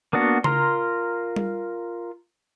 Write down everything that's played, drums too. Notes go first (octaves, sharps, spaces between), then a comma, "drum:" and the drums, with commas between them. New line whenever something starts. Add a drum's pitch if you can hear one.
A#3 B3 D4 F#4
F4 A#4 A#5 C6, drum: tom C#3
drum: tom G3